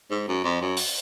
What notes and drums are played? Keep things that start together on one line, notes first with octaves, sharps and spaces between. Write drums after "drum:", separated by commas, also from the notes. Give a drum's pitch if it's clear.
G#2
F#2
F2
F#2
drum: open hi-hat